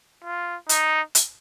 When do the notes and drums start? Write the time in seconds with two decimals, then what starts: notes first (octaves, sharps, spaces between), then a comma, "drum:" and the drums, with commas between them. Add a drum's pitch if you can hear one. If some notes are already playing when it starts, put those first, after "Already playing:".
0.24 F4
0.69 D#4, drum: hi-hat
1.15 drum: hi-hat